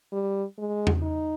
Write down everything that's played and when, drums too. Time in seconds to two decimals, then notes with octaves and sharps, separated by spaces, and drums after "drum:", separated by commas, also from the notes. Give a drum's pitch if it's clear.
0.12 G3
0.58 G#3
0.87 drum: tom E2
1.03 D#4